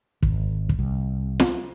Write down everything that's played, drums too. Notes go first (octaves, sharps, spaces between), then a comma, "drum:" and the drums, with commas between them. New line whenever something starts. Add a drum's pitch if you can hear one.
G#1, drum: kick
drum: kick
C2
drum: snare